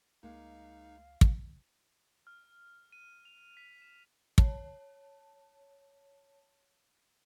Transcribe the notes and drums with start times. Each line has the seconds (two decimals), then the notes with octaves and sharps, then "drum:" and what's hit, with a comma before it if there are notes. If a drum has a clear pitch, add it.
0.23 C#2 G#3 A#3 D#4 F5
1.21 drum: kick
2.27 F6
2.92 D#7
3.25 F7
3.57 B6
3.82 E7
4.38 C#5 A5, drum: kick